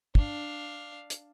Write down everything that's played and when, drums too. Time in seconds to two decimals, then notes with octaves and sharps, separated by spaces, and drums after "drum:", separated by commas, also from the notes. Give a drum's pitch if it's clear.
0.15 D4 F5, drum: kick
1.10 drum: hi-hat